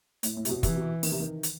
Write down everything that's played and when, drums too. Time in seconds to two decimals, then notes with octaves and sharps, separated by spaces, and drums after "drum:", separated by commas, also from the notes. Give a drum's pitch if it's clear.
0.23 A2, drum: hi-hat
0.37 A2
0.45 C3, drum: hi-hat
0.49 B2
0.63 C3 E3, drum: kick, hi-hat
0.76 B2
1.03 D#3, drum: open hi-hat
1.11 C3
1.20 D#3
1.43 drum: hi-hat